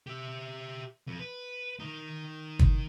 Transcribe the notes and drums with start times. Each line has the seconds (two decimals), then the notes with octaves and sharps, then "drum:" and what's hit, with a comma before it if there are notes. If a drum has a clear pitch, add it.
0.07 G4 E5
1.07 F2
1.20 B4
1.80 D#3 D#4
2.59 drum: kick